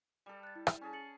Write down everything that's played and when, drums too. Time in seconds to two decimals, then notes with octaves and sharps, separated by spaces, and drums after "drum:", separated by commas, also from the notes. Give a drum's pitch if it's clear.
0.26 G3 A4
0.43 F#6 A6
0.56 E4
0.67 drum: rim click
0.81 C#4 G#4 A5
0.93 A6 C#7 F#7